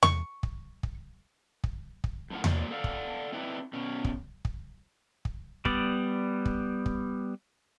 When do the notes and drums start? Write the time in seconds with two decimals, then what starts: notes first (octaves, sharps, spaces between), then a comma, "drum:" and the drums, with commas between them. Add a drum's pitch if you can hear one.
0.03 C#6, drum: tom E2
0.43 drum: kick
0.83 drum: kick
1.64 drum: kick
2.04 drum: kick
2.30 F#2 A2 F3 A#4 F#5
2.44 G#2 F#3 A#3 D4 C5, drum: tom E2
2.71 A4 D5 F5 F#5
2.84 drum: kick
3.32 C4 D#4 E4 B4 D5
3.73 B2 C#4
4.05 drum: kick
4.45 drum: kick
5.25 drum: kick
5.65 G3 B3 D5, drum: kick
6.45 drum: kick
6.86 drum: kick